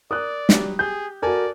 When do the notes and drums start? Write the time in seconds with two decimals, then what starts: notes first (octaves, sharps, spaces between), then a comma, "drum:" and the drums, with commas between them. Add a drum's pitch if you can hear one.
0.11 A#4 D5 D#6 F#6
0.49 F#3 G3 G4, drum: snare
0.79 G4 G#4 G6
1.22 F#4 A4 A#4 D5 G#5 A5